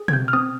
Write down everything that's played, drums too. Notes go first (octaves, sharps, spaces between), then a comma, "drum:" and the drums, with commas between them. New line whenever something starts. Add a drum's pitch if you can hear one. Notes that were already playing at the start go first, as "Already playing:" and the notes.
Already playing: G#4
G#6, drum: tom B2
C4 G6
F6
C4 D#6